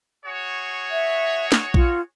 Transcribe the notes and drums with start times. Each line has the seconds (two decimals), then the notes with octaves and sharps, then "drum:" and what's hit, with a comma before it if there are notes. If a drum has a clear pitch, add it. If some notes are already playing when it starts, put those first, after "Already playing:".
0.25 F#4 G#4 C#5
0.91 E5
1.52 drum: snare
1.74 F4, drum: kick A#1